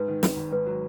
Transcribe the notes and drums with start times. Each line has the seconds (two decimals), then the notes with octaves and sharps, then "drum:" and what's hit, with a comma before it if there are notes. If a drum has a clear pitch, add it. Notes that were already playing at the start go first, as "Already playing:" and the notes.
Already playing: G#2 B4
0.08 D#3
0.23 G#1, drum: snare
0.37 G#1
0.52 G#2 B4
0.66 F#3